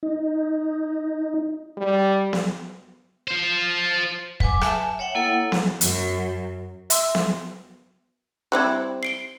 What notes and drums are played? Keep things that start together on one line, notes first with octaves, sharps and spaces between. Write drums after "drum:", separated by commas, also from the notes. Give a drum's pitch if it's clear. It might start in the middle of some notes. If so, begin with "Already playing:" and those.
D#4
G3
drum: snare B3
F4 C5
F#3 B4 G#5 D6, drum: kick
E5 G#5 A5, drum: rim click
C#5 E5 F#5 G5
A#3 E4 A4 C#5 F#5
drum: snare B3
F#2, drum: hi-hat
E5 C6 E6, drum: hi-hat
drum: snare B3
G3 C4 E4 F#6 G#6
C7 D7 G7